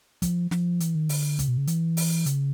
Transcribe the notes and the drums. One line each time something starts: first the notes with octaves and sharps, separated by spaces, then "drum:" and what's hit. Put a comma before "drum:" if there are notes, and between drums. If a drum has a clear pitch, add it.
F3, drum: kick, hi-hat
F3, drum: snare
E3, drum: hi-hat
D#3
D3, drum: open hi-hat
C#3, drum: kick, hi-hat
B2
C#3
E3, drum: hi-hat
drum: open hi-hat
C#3, drum: hi-hat